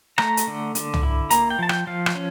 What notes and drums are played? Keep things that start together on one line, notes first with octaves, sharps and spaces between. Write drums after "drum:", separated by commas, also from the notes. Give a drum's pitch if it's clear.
A3 A#5, drum: rim click
drum: hi-hat
D3
D3, drum: hi-hat
drum: tom
E4
A#3 A#5, drum: hi-hat
G5
F3 A5
G5, drum: rim click
F3 F5
drum: rim click
C#4